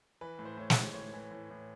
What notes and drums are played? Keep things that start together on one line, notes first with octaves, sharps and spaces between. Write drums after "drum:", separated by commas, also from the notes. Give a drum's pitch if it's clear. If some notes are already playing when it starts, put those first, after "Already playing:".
E3 B4
A2
C5
A2 C#5
C5, drum: snare
A2
A2 C#5
E3
A2
A2